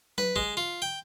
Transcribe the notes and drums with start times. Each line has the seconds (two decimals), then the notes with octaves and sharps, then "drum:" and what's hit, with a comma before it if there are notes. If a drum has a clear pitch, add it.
0.18 B4, drum: tom F#3
0.36 G#3, drum: kick
0.57 F4
0.82 G5